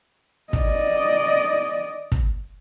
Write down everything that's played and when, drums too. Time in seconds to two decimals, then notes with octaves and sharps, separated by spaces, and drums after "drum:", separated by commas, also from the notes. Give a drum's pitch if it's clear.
0.53 D5 D#5, drum: kick
2.12 drum: kick